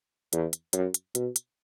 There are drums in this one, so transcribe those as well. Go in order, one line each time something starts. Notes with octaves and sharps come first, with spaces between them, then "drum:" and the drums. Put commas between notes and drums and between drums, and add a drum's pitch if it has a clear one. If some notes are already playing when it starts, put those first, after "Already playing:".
E2, drum: hi-hat
drum: hi-hat
F#2, drum: hi-hat
drum: hi-hat
B2, drum: hi-hat
drum: hi-hat